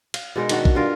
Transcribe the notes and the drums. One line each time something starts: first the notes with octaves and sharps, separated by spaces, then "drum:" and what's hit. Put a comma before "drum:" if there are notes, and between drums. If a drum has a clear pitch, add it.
F5, drum: cymbal
B2 G#3 D#4 A#4
D#3 D4 F#4, drum: cymbal
drum: kick
G2 F4 A#4